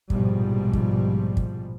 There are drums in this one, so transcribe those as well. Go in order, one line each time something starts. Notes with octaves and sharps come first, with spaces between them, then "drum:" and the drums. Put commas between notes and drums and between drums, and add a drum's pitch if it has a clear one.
A#1 G#2 B2 F3 G3, drum: kick
drum: kick
drum: kick